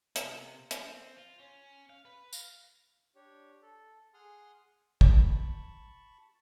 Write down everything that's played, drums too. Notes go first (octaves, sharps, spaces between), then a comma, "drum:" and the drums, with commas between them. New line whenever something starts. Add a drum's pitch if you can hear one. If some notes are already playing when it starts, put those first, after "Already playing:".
C3, drum: hi-hat
C4, drum: hi-hat
F4
C#4
F5
B4
F5, drum: tambourine
D4 G4 C#5
A4
G#4 F#5 C6 D#6 F6
A5 B5 C#6, drum: kick